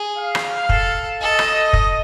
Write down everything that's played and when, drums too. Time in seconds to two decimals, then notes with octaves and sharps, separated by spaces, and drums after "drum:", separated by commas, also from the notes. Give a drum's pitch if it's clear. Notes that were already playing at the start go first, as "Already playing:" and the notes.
Already playing: G#4
0.17 F5
0.35 drum: rim click
0.69 A4, drum: kick
1.21 A4 D#5
1.39 drum: rim click
1.73 drum: kick